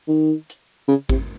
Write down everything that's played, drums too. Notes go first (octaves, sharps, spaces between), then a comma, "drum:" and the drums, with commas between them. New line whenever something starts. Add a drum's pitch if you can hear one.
D#3
drum: hi-hat
C#3
C3, drum: kick G#1